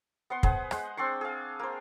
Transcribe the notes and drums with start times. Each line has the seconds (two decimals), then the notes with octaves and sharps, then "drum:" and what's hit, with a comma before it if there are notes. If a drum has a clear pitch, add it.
0.30 B3 F#5 C6
0.43 B3 G#4 B4 C5, drum: kick
0.71 G#3 C5 F#5, drum: rim click
0.97 C4 D4 C6 C#6
1.21 G#4 F5
1.59 A#3 C5